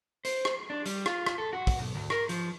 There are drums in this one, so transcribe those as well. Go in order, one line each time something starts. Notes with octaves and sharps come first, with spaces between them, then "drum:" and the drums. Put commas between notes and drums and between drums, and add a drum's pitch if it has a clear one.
C5, drum: hi-hat
drum: rim click
D4
G3, drum: hi-hat
F4, drum: rim click
drum: rim click
A4
F#4
drum: kick, open hi-hat
B1
D2
A#4, drum: rim click
F3, drum: hi-hat